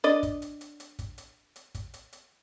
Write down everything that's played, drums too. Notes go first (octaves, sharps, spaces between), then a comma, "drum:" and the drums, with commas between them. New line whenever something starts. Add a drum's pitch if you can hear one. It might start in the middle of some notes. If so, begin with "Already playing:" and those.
D4 D5 D#5, drum: hi-hat
drum: kick, hi-hat
drum: hi-hat
drum: hi-hat
drum: hi-hat
drum: kick, hi-hat
drum: hi-hat
drum: hi-hat
drum: kick, hi-hat
drum: hi-hat
drum: hi-hat